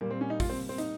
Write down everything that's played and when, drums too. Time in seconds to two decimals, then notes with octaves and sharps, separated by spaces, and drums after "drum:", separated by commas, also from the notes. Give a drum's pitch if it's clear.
0.01 A#2 G3 A#3
0.11 C4
0.21 C#4
0.30 D#4
0.40 F4, drum: kick, open hi-hat
0.50 C4
0.69 C4
0.78 D#4, drum: hi-hat